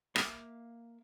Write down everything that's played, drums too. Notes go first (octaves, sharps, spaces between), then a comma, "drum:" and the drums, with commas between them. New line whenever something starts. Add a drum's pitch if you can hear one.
A#3 E5 F5, drum: rim click